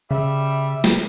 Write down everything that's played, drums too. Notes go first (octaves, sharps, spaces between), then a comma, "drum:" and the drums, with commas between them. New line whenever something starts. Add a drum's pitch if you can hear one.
C#3 G3 E5
drum: snare